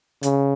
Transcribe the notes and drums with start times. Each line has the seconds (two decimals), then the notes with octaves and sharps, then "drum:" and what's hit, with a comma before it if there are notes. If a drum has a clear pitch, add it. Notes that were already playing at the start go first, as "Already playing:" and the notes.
0.23 C#3, drum: hi-hat